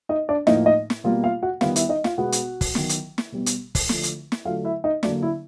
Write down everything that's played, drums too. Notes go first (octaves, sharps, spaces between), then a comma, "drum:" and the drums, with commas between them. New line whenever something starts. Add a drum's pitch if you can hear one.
D#4 D#5
D4 D5
A2 F3 A#3 D#4 D#5, drum: snare
D#4 D#5
drum: snare
B2 G3 A#3 F4 F5
F4 F5
F#4 F#5
D#3 G3 B3 F4 F5, drum: snare
E4 E5, drum: hi-hat
D#4 D#5
F4 F5, drum: snare
B2 G#3 B3 F#4 F#5
drum: hi-hat
drum: kick, open hi-hat
D#3 F#3 B3, drum: snare
drum: hi-hat
drum: snare
B2 G3 B3
drum: hi-hat
drum: kick, open hi-hat
D3 F3 A3, drum: snare
drum: hi-hat
drum: snare
D3 F#3 A3 F4 F5
E4 E5
D#4 D#5
D3 F#3 A#3 D4 D5, drum: snare
E4 E5